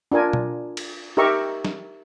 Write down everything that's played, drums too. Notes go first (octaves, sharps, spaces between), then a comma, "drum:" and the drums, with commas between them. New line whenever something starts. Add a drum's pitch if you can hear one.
D4 F4 A#4 G#5
drum: tom B2
drum: cymbal
D#4 G4 A#4 E5 A#5 C#6
drum: snare